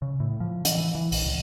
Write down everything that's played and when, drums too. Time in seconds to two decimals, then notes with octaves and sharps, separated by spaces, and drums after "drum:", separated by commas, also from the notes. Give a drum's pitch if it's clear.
0.02 C#3
0.20 A2
0.40 F3
0.65 E3, drum: hi-hat
0.78 E3
0.95 E3
1.12 A#1, drum: open hi-hat
1.25 C#2